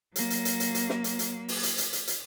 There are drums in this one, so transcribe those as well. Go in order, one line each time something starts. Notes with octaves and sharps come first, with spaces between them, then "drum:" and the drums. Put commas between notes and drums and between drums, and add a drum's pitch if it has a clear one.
F#3 A#3, drum: hi-hat
drum: hi-hat
drum: hi-hat
drum: hi-hat
drum: hi-hat
drum: snare
drum: hi-hat
drum: hi-hat
drum: open hi-hat
drum: hi-hat
drum: hi-hat
drum: hi-hat
drum: hi-hat